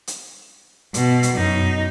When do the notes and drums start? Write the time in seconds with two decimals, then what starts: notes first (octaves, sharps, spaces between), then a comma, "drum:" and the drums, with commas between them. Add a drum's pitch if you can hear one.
0.07 drum: hi-hat
0.94 B2, drum: hi-hat
1.23 drum: hi-hat
1.34 F#2 D#4